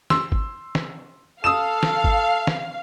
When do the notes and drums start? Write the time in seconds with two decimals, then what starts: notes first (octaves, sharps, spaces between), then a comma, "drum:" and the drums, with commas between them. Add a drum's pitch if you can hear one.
0.10 C6 E6, drum: snare
0.32 drum: kick G#1
0.75 drum: snare
1.44 A4 F5 D#6 E6 E7
1.83 drum: snare
2.04 drum: kick G#1
2.47 drum: snare